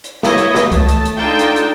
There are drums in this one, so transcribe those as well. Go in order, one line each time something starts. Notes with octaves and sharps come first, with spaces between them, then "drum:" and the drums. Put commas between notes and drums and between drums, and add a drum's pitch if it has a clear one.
drum: hi-hat
E4 C#5 D#5, drum: snare
drum: hi-hat
drum: snare
A3 A5, drum: kick C2, hi-hat
drum: hi-hat
drum: hi-hat
D3 D#4 F4 G5 A5
drum: hi-hat
drum: hi-hat